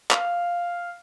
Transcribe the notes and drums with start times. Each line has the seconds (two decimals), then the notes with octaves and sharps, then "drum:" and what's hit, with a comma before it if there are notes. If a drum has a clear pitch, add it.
0.11 F5, drum: clap